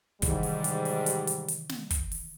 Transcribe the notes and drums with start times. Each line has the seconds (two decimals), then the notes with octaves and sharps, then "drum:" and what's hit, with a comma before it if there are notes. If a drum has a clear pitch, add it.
0.22 G#2 C3 D#3 E3 G3, drum: kick, hi-hat
0.43 drum: open hi-hat
0.64 drum: hi-hat
0.85 drum: open hi-hat
1.06 drum: hi-hat
1.27 drum: hi-hat
1.48 drum: hi-hat
1.69 drum: snare
1.90 drum: kick, hi-hat
2.12 drum: open hi-hat